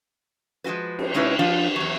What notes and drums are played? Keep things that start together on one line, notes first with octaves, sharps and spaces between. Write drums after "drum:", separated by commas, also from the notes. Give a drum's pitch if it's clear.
F3 G#3 F4 F#4 B4
drum: cymbal
C3 G#3 C#4 D#4 E4 B4
F3 D4 F4
E2 F#3